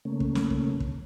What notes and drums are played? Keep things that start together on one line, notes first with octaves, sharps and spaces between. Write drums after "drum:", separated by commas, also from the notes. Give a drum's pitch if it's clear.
C#3 A3 A#3 C#4
drum: kick
drum: snare
drum: kick
drum: kick